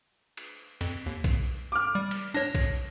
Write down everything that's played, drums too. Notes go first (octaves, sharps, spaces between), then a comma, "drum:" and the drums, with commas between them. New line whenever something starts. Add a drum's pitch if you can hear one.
drum: cymbal
F2, drum: cymbal
D#2
drum: kick B1, cymbal
D6 F6
G3
drum: cymbal
D4 C#5 A#6
drum: kick B1, cymbal